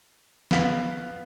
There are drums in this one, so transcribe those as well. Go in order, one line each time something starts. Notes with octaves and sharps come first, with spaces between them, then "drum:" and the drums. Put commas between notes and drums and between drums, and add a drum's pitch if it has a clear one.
B3 F5 B6, drum: snare F3